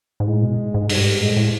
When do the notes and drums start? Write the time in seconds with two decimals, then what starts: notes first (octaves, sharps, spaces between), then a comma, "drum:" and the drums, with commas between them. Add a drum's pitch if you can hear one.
0.20 G#2
0.26 A2 G#3
0.43 B2
0.74 G#2
0.89 G2 G3, drum: open hi-hat
1.05 G#2
1.21 A2 G#3
1.37 A2